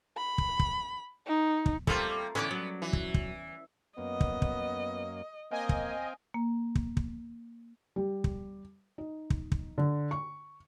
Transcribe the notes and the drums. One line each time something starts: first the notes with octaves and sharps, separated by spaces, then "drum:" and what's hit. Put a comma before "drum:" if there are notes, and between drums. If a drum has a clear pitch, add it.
B5
drum: kick
drum: kick
D#4
drum: kick
G3 A3 A#3 C4 F4 A4, drum: kick
D3 E3 B3 C#4 D5
F#3
E3
drum: kick
drum: kick
F#2 A#3 B3 D#5
drum: kick
drum: kick
A#3 C4 D#5 F5 G5 G#5
drum: kick
A#3
drum: kick
drum: kick
G3
drum: kick
D#4
drum: kick
drum: kick
D3
C#6